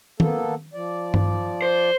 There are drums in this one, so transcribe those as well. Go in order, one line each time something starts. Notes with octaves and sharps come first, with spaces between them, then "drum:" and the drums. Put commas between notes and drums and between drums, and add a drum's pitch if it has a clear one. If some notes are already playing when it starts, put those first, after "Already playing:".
A#3 B3 A4, drum: tom
F3 D5
drum: tom G2
C5